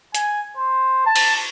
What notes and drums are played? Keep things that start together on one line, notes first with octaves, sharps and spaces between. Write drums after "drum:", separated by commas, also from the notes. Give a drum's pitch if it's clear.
G#5, drum: hi-hat
C5
A5
drum: cymbal